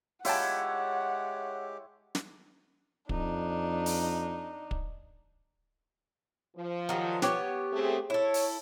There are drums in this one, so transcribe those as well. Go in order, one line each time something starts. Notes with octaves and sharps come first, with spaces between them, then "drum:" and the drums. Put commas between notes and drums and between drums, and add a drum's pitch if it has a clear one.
G#3 E4 F4 G4 C#5 F#5 G5 A5, drum: open hi-hat
drum: snare
F2 D4 D#4, drum: kick
drum: open hi-hat
drum: kick
F3
D#3 F#3 G3
B3 G4 C#5, drum: snare
A3 C4 G#4
E4 A4 C#5
drum: open hi-hat